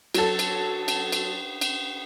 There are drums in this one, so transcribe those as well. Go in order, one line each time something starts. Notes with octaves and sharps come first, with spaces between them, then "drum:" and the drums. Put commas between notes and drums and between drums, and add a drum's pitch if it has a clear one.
F#3 A4, drum: cymbal
drum: cymbal
drum: cymbal
drum: cymbal
drum: cymbal